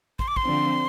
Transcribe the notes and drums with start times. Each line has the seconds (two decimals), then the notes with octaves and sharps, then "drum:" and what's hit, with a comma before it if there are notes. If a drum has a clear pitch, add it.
0.19 C6, drum: kick
0.28 D6
0.36 C6, drum: kick
0.45 D3 F3 C4